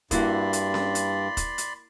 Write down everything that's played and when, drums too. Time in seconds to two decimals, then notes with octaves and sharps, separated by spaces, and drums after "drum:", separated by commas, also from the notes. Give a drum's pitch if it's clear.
0.11 G2 A#3 E4 F#4 D5 B5 C6, drum: kick, hi-hat
0.53 drum: hi-hat
0.74 drum: snare C#4
0.95 drum: hi-hat
1.37 drum: kick, hi-hat
1.58 drum: hi-hat